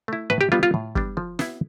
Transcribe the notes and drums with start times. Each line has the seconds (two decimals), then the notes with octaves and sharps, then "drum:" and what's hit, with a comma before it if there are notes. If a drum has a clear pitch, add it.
0.08 A3 E4
0.30 A2 B4
0.41 G4
0.52 G3 B3 D4 F4
0.63 F4
0.74 A2
0.95 G3 B3 D4, drum: kick
1.17 F3
1.39 B3 E4, drum: snare